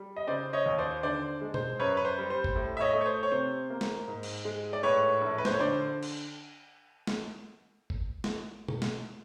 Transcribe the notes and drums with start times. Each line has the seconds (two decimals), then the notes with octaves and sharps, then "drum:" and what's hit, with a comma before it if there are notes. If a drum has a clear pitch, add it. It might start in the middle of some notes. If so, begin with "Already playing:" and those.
Already playing: G3
0.16 D#5
0.27 C#3 C5 D5
0.53 C#5 D#5
0.66 D#2
0.78 C5 D5
1.03 D3 C5 D5
1.41 G#3
1.54 C5, drum: tom B2
1.79 F#2 B4 C#5
1.97 B4
2.05 C5
2.18 G3
2.30 C5
2.44 drum: kick
2.55 A2
2.77 E5
2.80 C#5 D#5
2.93 A3
3.01 C#5
3.06 C5
3.23 C#5
3.32 C3 C5
3.70 A#3
3.81 drum: snare
4.08 G#2
4.23 drum: cymbal
4.45 G#3
4.73 D5
4.83 A2 B4 C#5
5.21 A#1
5.38 B4
5.45 C5, drum: snare
5.52 C#5
5.59 D3 C5 D5
6.03 drum: cymbal
7.07 drum: snare
7.90 drum: kick
8.24 drum: snare
8.68 drum: tom B2
8.82 drum: snare